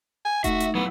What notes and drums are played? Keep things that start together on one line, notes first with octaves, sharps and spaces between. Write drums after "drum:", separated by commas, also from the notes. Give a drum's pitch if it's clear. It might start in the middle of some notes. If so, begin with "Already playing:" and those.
G#5
A3 D#4 F#4 E5, drum: kick E1, hi-hat
drum: hi-hat
F#3 B3 E4